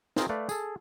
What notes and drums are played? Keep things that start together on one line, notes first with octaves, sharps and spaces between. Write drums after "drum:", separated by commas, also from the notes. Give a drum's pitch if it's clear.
C4 D#4 F4 G#4 A#4, drum: snare
A3 B4 D5 F5
G#4 A4, drum: tambourine